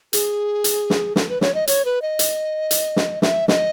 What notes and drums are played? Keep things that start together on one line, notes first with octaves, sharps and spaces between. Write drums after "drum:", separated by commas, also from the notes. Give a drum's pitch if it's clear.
G#4, drum: hi-hat
drum: hi-hat
drum: snare
A4, drum: snare
B4
C#5, drum: snare
D#5
C#5, drum: hi-hat
B4
D#5
drum: hi-hat
drum: hi-hat
drum: snare
E5, drum: snare
D#5, drum: snare